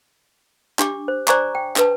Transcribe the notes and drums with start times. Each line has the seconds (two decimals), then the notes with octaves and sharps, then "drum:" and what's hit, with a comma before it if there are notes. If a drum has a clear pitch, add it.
0.79 D4 G4 D6, drum: clap
1.08 C5
1.28 C5 D5 G#5 A#5 C#6 D6, drum: clap
1.55 G5
1.76 D4 B4 A5, drum: clap